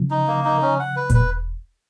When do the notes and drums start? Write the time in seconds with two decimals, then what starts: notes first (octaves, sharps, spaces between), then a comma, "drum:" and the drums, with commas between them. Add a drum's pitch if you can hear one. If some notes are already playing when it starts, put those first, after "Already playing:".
Already playing: C#3 F3
0.10 D#4
0.27 A#3
0.45 D#4
0.62 C#4
0.79 F#5
0.96 B4
1.10 A#2 B4, drum: kick E1, hi-hat